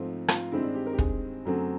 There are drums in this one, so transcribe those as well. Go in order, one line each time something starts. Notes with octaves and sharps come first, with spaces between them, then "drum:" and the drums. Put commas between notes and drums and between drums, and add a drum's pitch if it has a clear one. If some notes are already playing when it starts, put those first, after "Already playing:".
Already playing: G#2 F3 A3 C4
F4, drum: rim click
G2 D#3 G#3 C4 E4
D4
G4
A#4
G4
G#4, drum: kick
F#2 D3 F#3 A3 C4